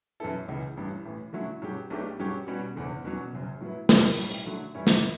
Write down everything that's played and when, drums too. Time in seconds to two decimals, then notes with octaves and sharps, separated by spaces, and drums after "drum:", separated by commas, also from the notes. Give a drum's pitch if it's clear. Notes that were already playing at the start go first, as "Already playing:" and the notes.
0.20 F#2 E3 B3 E4 A4
0.48 C#2 C#3 E3
0.77 A1 G2 E3
1.05 A1 A2 E3
1.33 D3 F#3 A3 C#4 E4
1.62 G2 F#3 C#4 G4
1.90 B1 B2 A3 D4 G4
2.19 G2 F#3 C#4 G4 C#5
2.47 B2 G3 C#4 F#4
2.75 F#1 E2 D3
3.05 E2 B2 F#3 C#4
3.33 F#1 F#2 C#3
3.60 A2 F#3 B3 E4
3.89 F#2 C#3 G3 D4 A4, drum: snare
4.06 drum: open hi-hat
4.17 B1 A2 G3
4.34 drum: hi-hat
4.46 D3 F#3 A3
4.75 F#2 E3 G3 C#4 E4
4.87 drum: snare